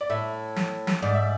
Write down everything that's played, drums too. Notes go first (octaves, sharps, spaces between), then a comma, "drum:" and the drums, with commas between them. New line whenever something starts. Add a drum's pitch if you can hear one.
D5
A2 E5
drum: snare
drum: snare
G#2 D5
E5